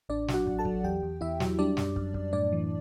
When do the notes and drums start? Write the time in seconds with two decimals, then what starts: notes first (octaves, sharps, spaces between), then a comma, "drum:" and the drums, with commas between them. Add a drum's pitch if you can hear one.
0.09 A1 D4 D5
0.28 F#3, drum: snare
0.34 F#4 F#5
0.47 A1, drum: kick
0.59 A4 A5
0.65 F#3, drum: kick
0.84 E2 G4 G5
1.03 E2
1.21 E2 E4 E5
1.40 F#3, drum: snare
1.59 G3 D4 D5
1.77 F#2, drum: snare
1.96 F#2, drum: kick
2.14 F#2, drum: kick
2.33 A2 D4 D5
2.52 E3